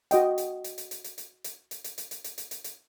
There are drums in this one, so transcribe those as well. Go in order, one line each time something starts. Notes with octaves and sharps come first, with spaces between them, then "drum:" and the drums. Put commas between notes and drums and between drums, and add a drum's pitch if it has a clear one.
F#4 D#5 G5, drum: hi-hat
drum: hi-hat
drum: hi-hat
drum: hi-hat
drum: hi-hat
drum: hi-hat
drum: hi-hat
drum: hi-hat
drum: hi-hat
drum: hi-hat
drum: hi-hat
drum: hi-hat
drum: hi-hat
drum: hi-hat
drum: hi-hat
drum: hi-hat